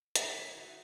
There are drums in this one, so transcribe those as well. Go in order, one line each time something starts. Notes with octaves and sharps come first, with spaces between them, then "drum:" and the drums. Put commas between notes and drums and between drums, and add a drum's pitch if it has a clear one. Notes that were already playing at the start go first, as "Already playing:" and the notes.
A3 E4, drum: hi-hat
A3
D#4 F#4